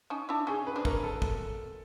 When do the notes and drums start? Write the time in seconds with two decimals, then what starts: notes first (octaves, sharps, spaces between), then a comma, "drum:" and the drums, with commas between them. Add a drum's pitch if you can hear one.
0.10 C#4 D#4
0.29 D4 E4
0.47 C#4 D#4 G#4
0.67 B4
0.76 C4 D4
0.85 A#4, drum: kick
1.03 A4
1.22 drum: kick